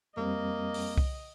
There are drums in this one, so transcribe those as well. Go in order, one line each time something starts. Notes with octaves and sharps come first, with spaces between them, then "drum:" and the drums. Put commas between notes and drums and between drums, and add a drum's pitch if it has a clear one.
F2 G3 A#3 C4 D#5
drum: open hi-hat
drum: kick C2